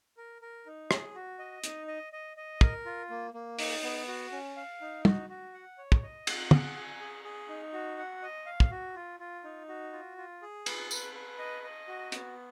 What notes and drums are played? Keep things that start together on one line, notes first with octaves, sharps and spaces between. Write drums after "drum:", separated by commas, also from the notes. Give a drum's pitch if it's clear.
A#4
A#4
D#4
G#4, drum: rim click
F#4
D#5
D#4, drum: hi-hat
D#5
D#5
D#5
A#4, drum: kick
F4
A#3
A#3
D#4, drum: open hi-hat
B3
F#4
C#4
F5
D#4
F#4, drum: tom
F#4
F#5
C#5
drum: kick
D#5
F#5, drum: cymbal
G#4, drum: tom
G#5
G#4
G#4
D#4
F#4
F#5
D#5
F5
drum: kick
F#4
F4
F4
D#4
F#4
F4
F4
G#4
B4, drum: cymbal
B4, drum: tambourine
B4
D#5
D#5
F#4
B3, drum: hi-hat